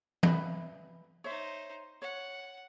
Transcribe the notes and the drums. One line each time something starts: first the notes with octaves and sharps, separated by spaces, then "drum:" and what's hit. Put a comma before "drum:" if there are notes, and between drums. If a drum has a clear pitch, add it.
B4 E5 B5, drum: tom E3
D#4 C5 C#5 E5
C#5 F#5